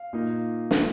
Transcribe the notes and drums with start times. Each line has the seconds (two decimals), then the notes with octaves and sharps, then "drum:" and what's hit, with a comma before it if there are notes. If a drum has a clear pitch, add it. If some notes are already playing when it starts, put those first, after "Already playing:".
Already playing: F5
0.13 A#2 A#3 D#4
0.71 drum: snare